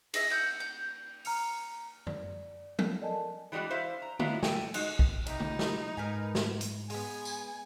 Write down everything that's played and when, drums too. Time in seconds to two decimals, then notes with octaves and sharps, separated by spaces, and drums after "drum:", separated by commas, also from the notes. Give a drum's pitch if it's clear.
0.14 G#4 D#5 E5, drum: cymbal
0.30 F#5 G6
0.60 G6
1.25 A#5 F6 C#7 F7, drum: open hi-hat
2.07 D5, drum: tom F#2
2.79 drum: tom F3
3.00 A4 A#4 D5 D#5 G#5 A5
3.52 E3 G3 G#3 D4 F#4
3.70 E4 C5 E5 F5
4.02 A#5
4.19 G#3 B3 D4 E4 F5 A#5, drum: tom
4.43 A4 G5 G#5, drum: snare
4.74 G#3 D#4 F#4, drum: cymbal
4.99 drum: kick
5.26 C3 D#4 E4, drum: hi-hat
5.40 drum: tom
5.59 drum: snare
5.97 G#2 A#4 B4 G#5
6.35 drum: snare
6.61 drum: hi-hat
6.90 G#3 B3 G#5, drum: open hi-hat
7.25 drum: tambourine